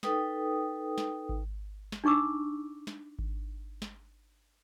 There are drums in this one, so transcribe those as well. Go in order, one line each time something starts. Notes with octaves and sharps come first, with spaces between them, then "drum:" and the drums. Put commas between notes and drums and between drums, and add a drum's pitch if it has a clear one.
D#4 A4 B4 G5 D#6, drum: snare
drum: snare
drum: kick G#1
drum: snare
D4 D#4 C#6 D6 E6
drum: snare
drum: kick G#1
drum: snare